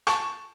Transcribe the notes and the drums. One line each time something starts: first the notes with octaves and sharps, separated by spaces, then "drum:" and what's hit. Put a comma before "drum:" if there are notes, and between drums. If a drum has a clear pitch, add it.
A5 C#6, drum: rim click